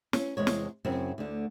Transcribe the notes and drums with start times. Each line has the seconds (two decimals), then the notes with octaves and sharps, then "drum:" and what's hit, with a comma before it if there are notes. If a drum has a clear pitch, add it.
0.13 C#4, drum: snare
0.37 E2 C3 G#3 C#5
0.47 drum: snare
0.85 F#2 C#3 C4 E4
1.18 D2 D3